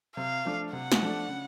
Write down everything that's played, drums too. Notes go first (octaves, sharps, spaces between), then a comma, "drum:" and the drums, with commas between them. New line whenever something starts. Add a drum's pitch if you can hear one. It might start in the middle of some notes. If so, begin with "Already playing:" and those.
C3 F5
F3 A3 D4
C3 F#5
drum: snare
F3 A3 D4
C#3